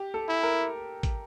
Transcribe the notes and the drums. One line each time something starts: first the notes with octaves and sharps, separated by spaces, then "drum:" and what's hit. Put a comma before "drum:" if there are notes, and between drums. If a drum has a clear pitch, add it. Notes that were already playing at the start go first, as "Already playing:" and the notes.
Already playing: G4
A4
E4
A#4
drum: kick, hi-hat